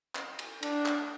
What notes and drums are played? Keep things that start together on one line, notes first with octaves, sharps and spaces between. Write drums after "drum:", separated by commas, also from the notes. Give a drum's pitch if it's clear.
drum: clap
drum: cymbal
D4, drum: cymbal
drum: clap